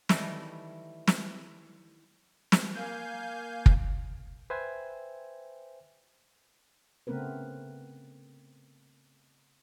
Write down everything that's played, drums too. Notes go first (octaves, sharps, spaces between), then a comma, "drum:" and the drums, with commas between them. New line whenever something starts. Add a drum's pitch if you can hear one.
D#3 E3 G3 A3, drum: snare
drum: snare
drum: snare
A#3 F5 G#5 G6
drum: kick
B4 C5 E5 G5 G#5 G#6
C#3 A3 B3 C4 A#4 B4